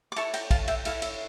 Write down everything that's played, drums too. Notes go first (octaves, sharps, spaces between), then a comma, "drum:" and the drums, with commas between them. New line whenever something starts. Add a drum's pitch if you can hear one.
D6
E4 A4 C#5 A5 C#6, drum: cymbal
G5 A#5, drum: cymbal
F5 A5, drum: kick, cymbal
E5 G5, drum: cymbal
E4 A4 C#5 F5, drum: cymbal
E5, drum: cymbal